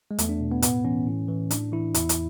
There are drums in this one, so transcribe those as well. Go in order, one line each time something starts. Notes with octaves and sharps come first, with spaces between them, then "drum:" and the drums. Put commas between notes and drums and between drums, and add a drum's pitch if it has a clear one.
G#3
E2 A3, drum: hi-hat
D4
B2
B3
A2 B3, drum: hi-hat
E3 C#4
A2
E3
A2 D4, drum: hi-hat
E3 E4
E2 E4, drum: hi-hat
drum: hi-hat